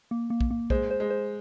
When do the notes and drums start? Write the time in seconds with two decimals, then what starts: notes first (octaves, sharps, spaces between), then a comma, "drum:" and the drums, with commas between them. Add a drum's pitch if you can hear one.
0.11 A#3
0.30 A#3
0.41 drum: kick
0.51 A#3
0.70 G#3 C5, drum: kick
0.91 C5
1.00 G#3
1.10 C5